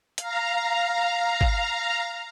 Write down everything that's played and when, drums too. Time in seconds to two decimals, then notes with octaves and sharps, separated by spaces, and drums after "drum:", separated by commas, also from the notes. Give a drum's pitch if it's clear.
0.18 F5 A#5, drum: hi-hat
1.41 drum: kick